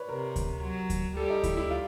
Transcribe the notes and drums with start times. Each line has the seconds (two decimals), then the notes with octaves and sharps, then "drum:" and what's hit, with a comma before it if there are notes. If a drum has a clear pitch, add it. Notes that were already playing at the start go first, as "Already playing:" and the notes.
Already playing: B4 C#5 D5
0.09 C3 A#4
0.36 drum: kick D2, hi-hat
0.63 F#3
0.90 drum: kick D2, hi-hat
1.16 G3 A4
1.30 D#4
1.43 E4, drum: kick D2, hi-hat
1.57 E4
1.70 F4